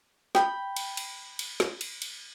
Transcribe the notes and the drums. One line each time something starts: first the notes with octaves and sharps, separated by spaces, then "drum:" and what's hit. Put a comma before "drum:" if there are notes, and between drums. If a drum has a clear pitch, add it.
G5 B5, drum: snare
drum: cymbal
drum: cymbal
drum: cymbal
drum: snare
drum: cymbal
drum: cymbal